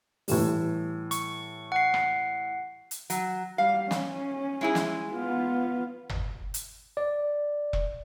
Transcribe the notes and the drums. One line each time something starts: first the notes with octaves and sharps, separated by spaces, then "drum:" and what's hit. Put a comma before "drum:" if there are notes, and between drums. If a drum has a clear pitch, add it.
A2 E3 G3, drum: open hi-hat
C#6, drum: hi-hat
F#5 C7
drum: rim click
drum: hi-hat
F#3, drum: hi-hat
G3 F5
C#4, drum: snare
G#3 E4 G#4
drum: snare
B3 F4
drum: tom G1
drum: hi-hat
D5
drum: kick E1